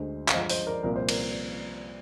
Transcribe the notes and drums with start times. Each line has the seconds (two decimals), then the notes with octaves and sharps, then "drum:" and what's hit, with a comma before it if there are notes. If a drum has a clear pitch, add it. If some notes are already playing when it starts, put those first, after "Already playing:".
Already playing: D2 D3 G#3 C5
0.28 F5, drum: clap
0.32 G2 D3 F3 G#3 C5 D#5
0.50 C5 D#5, drum: open hi-hat
0.67 A#4 D5
0.83 C2 A#2 F3 A#3 A#4
0.96 C5
1.09 A#4 D5, drum: cymbal